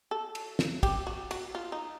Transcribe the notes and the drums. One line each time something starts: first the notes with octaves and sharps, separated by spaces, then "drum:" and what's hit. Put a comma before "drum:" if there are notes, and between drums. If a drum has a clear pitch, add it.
A4
drum: cymbal
drum: snare
G4, drum: kick, cymbal
F#4
F#4, drum: cymbal
F4
D#4